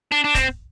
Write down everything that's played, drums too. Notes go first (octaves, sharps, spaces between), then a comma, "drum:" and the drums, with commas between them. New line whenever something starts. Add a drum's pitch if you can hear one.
D4
D4
C4, drum: kick, hi-hat